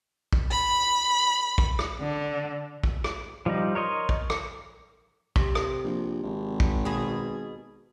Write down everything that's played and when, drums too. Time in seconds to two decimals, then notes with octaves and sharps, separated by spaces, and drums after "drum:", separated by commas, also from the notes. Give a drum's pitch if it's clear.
0.33 drum: kick
0.50 B5
1.58 drum: kick
1.79 drum: rim click
2.00 D3
2.83 drum: kick
3.04 drum: rim click
3.46 F3 G3 D#4
3.75 A#4 C#5 D#5 C6
4.09 drum: kick
4.30 drum: rim click
5.36 C3, drum: kick
5.55 drum: rim click
5.84 A#1
6.23 G#1
6.60 drum: kick
6.85 B2 G#4